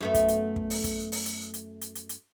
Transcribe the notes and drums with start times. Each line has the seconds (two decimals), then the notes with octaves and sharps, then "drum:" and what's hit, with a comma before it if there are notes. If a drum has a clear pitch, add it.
0.01 F#2 A3 B3
0.14 drum: kick, hi-hat
0.28 drum: hi-hat
0.56 drum: kick
0.70 drum: open hi-hat
0.84 drum: kick, hi-hat
1.12 drum: open hi-hat
1.26 drum: hi-hat
1.54 drum: hi-hat
1.81 drum: hi-hat
1.95 drum: hi-hat
2.09 drum: hi-hat